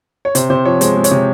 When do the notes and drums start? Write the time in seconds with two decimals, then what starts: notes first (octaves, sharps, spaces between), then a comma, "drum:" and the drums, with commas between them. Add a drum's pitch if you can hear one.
0.25 C#5
0.35 C3 C5, drum: hi-hat
0.50 C3 C5
0.65 F3 C#5
0.81 G#3 C5, drum: hi-hat
0.96 G#3
1.04 C#5, drum: hi-hat
1.11 C3